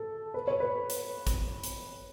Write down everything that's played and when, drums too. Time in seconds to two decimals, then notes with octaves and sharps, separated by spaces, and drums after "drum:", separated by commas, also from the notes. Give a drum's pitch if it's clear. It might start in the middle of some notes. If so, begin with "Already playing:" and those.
Already playing: A4
0.34 B4
0.47 C#5
0.60 B4
0.90 drum: hi-hat
1.27 drum: kick G#1, hi-hat
1.64 drum: hi-hat